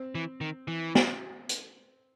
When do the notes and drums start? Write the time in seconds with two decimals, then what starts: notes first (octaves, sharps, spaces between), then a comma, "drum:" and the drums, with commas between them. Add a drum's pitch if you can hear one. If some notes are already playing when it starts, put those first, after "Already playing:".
Already playing: C4
0.15 E3
0.41 D#3
0.68 E3
0.95 drum: snare
1.49 drum: hi-hat